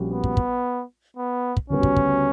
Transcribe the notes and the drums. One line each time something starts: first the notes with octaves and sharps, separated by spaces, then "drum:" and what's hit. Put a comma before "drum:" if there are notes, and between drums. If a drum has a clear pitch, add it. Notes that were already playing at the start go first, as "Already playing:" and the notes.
Already playing: A#1 A#2 G3 C#4 F#4
B3
drum: kick
drum: kick
B3
drum: kick
D2 C#3 G3 B3 C#4 F#4
drum: kick
drum: kick